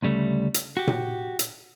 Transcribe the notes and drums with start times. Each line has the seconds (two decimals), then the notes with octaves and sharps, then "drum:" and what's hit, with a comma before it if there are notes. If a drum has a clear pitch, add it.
0.02 D2 C#3 G3 A3
0.54 drum: hi-hat
0.77 F#4 G4
0.87 drum: tom A#2
1.39 drum: hi-hat